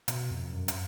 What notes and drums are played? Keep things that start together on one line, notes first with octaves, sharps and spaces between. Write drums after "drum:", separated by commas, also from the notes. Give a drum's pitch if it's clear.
B2, drum: hi-hat
F2
F#2
drum: hi-hat